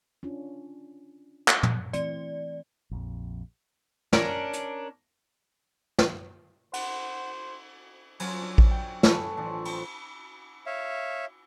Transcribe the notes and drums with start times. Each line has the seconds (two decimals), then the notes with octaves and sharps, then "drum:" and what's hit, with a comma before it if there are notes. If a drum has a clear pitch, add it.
0.23 C#4 D4 F4
1.48 drum: clap
1.63 drum: tom
1.93 E3 A3 C4 D5, drum: hi-hat
2.91 A#1 F2
4.13 C#4 D4 A#4, drum: snare
4.53 drum: hi-hat
5.98 drum: snare
6.74 C5 F#5, drum: cymbal
8.20 F#3 C#4 F4 G#5, drum: cymbal
8.41 D4
8.58 drum: kick A1
8.71 G5
9.03 A3 A4 B4 C#5 G#5 C#6, drum: snare
9.37 A1 F3 D4 A5
9.65 C4, drum: cymbal
10.66 C#5 E5 F5